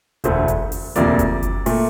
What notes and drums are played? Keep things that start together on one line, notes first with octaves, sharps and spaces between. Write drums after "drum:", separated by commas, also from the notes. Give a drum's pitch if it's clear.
E1 D2 D3 A3 C5, drum: kick F#1, hi-hat
drum: kick F#1, hi-hat
drum: open hi-hat
E1 D2 C3 F3 A#3 D5, drum: hi-hat
drum: kick F#1, hi-hat
drum: kick F#1, hi-hat
A#2 A3, drum: open hi-hat